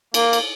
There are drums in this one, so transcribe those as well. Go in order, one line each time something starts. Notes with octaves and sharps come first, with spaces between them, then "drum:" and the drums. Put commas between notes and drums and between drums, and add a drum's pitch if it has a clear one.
A#3, drum: cymbal
drum: cymbal